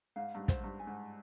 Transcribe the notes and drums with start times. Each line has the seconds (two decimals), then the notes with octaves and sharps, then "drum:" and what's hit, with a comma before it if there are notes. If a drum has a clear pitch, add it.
0.16 G#2 F5
0.35 G2
0.39 G#2
0.48 C5, drum: kick, hi-hat
0.64 G2
0.79 G#5
0.87 G#2